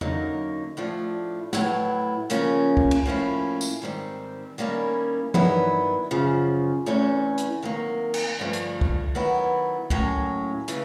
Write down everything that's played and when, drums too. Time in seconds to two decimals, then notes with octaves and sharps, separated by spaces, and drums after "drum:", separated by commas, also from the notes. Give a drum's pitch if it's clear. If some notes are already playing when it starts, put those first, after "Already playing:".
0.01 F#2 D3 F#3 A#3 D#4, drum: tom E2
0.77 A2 F3 A3 D4
1.53 A2 F#3 B3 E4, drum: snare
2.30 C#3 F3 A#3 C#4, drum: hi-hat
2.77 drum: kick
2.91 drum: cymbal
3.06 A2 F3 A#3 C#4 E4
3.61 drum: tambourine
3.82 G#2 D#3 G3 C4
4.58 D#3 G3 A#3 C#4 E4
5.34 G2 D#3 F#3 B3 E4, drum: tom E3
6.11 F#2 C#3 F3
6.86 E2 C3 E3 A3 C#4
7.38 drum: hi-hat
7.63 C3 D#3 F#3 A#3
8.14 drum: cymbal
8.39 G2 D3 F3 A3
8.53 drum: hi-hat
8.81 drum: kick
9.15 D#3 F#3 B3 E4
9.90 A2 F#3 A#3 C#4, drum: kick
10.68 C#3 E3 A3, drum: hi-hat